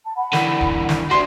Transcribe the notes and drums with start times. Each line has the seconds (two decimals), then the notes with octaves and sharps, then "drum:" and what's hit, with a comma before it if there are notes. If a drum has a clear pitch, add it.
0.05 A5
0.16 F#5 B5
0.33 D3 E3, drum: snare
0.61 drum: kick
0.89 drum: snare
1.11 D4 F#4 C6